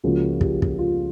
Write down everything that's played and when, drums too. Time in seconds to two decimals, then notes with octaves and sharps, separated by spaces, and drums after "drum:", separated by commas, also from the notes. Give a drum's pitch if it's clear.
0.04 C#2 C#3 F3 A#3 F#4
0.41 G4, drum: kick
0.62 drum: kick
0.79 F4